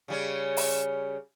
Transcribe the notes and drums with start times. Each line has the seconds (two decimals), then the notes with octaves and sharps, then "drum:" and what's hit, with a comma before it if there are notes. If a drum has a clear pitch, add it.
0.08 C#3 G3 C#4
0.57 drum: open hi-hat